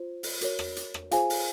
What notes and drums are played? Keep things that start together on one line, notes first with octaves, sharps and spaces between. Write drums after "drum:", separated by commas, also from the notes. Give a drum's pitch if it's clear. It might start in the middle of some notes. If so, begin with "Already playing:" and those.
Already playing: F4 C5
drum: open hi-hat
F#4 A#4 C#5, drum: hi-hat
drum: rim click
drum: hi-hat
drum: rim click
F4 G#4 C5 F5 G#5, drum: hi-hat
drum: open hi-hat